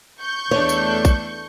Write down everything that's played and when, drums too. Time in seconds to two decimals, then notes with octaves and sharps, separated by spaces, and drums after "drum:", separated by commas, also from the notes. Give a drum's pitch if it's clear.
0.21 C#6 G6
0.51 E2 A3 D4 C#5
0.69 drum: tambourine
1.05 drum: kick, tambourine